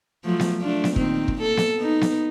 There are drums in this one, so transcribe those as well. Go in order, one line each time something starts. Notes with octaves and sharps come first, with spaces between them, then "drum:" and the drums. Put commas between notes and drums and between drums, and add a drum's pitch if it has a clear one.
F3 F#3 A3
drum: snare B3
A3 D4 F4
drum: snare B3
A#2 D#3 C4, drum: kick
drum: kick
A#3 A4
drum: snare B3
B3 D#4
drum: snare B3